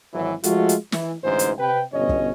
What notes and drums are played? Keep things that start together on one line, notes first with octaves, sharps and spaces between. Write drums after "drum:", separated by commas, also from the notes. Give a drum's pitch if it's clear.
G#1 E3 F#3
F3 G#3 A3 F4 F#4, drum: hi-hat
drum: hi-hat
E3, drum: snare
A1 D2 G#2 E3 B4 C5
drum: hi-hat
C3 B4 G5
G1 B2 C#4 C#5 D#5
drum: kick